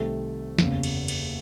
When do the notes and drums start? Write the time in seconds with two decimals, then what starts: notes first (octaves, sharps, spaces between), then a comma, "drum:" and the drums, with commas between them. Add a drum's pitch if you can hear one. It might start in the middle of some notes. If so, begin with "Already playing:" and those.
Already playing: C2 C3 D#3 G3 A3 A4
0.58 F#1 E2 C#3, drum: snare
0.83 drum: cymbal
1.08 drum: cymbal